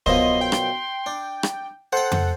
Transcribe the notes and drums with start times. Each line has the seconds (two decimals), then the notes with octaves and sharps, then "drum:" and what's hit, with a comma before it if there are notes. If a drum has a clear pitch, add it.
0.06 F#2 B2 F3 D#5 C6, drum: kick
0.41 G5
0.52 drum: rim click
1.06 D4
1.43 drum: rim click
1.93 A4 C5 F#5 G5
2.12 drum: tom F2